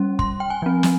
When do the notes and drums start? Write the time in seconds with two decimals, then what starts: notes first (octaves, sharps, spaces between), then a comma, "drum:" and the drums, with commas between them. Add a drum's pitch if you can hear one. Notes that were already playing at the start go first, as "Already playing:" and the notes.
Already playing: G3 C#4
0.19 C6, drum: kick
0.40 G5
0.50 G#5
0.62 F3 C4
0.83 drum: snare